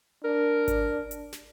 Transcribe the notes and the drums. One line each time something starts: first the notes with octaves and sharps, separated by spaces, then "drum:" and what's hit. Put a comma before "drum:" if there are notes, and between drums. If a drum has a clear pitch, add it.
D4 A#4
drum: kick G#1, hi-hat
drum: hi-hat
drum: snare